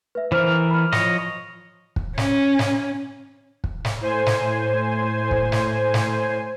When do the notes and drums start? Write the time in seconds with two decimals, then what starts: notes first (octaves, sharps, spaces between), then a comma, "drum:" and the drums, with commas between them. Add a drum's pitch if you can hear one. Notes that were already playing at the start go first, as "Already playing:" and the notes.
0.15 B4 E5
0.32 E3 A#4 C5 F6
0.71 B5 F6
0.92 F3 C#5 D#5, drum: snare
1.96 drum: kick
2.18 C#4, drum: snare
2.59 drum: snare
3.64 drum: kick
3.85 drum: snare
4.01 A2 C5 G#5
4.26 drum: snare
5.31 drum: kick
5.52 drum: snare
5.94 drum: snare